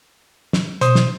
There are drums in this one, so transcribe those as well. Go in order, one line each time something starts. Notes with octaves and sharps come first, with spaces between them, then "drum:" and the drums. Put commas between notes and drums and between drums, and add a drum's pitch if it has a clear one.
drum: snare
B2 C5 D#6, drum: hi-hat
drum: snare